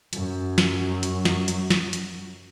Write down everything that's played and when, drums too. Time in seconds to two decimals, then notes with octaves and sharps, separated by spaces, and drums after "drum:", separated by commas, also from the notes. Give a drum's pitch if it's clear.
0.13 F#2 F#3, drum: hi-hat
0.58 drum: snare
1.03 drum: hi-hat
1.25 drum: snare
1.48 drum: hi-hat
1.70 drum: snare
1.93 drum: hi-hat